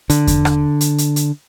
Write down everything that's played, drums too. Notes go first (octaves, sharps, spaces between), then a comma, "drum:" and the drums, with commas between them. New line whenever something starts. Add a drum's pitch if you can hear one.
D3, drum: hi-hat
drum: kick E2, hi-hat
drum: rim click
drum: hi-hat
drum: hi-hat
drum: hi-hat